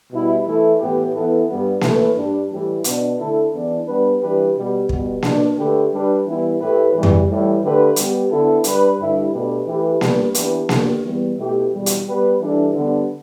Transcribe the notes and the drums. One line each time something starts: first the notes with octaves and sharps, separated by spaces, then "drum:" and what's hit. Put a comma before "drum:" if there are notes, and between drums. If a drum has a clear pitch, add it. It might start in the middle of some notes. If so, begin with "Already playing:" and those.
B2 G3 E4
E3 A3 E4 A4
A2 E3 B3 G4
E3 B3 E4 A4
G2 G3 B3
A2 E3 A3 E4 B4, drum: snare A#3
G2 G3 D4
A2 E3 G3
B2 B3 D4, drum: hi-hat
D3 A3 E4 A4
E2 E3 B3 D4
G3 B3 D4 B4
E3 G3 D4 G4 B4
B2 G3 B3 G4
B2 G3 B3, drum: kick
B2 B3 D4, drum: snare A#3
D3 A3 G4 B4
G3 D4 B4
E3 G3 B3 E4
A2 A3 E4 G4 B4
E2 E3 G3
drum: tom F2
A2 E3 G3
D3 A3 G4 B4
G3 B3 G4, drum: hi-hat
D3 B3 E4 A4
G3 D4 B4, drum: hi-hat
G2 D3 G3 E4
B2 A3 D4 G4 B4
E3 A3 G4 B4
G3 B3 D4 B4, drum: snare A#3
E3 B3 D4 G4 B4, drum: hi-hat
D3 B3 G4, drum: snare A#3
E2 E3 G3 B3
B2 A3 E4 G4
E2 B2 G3
drum: hi-hat
G3 B3 G4 B4
E3 G3 D4 A4
D3 G3 B3 D4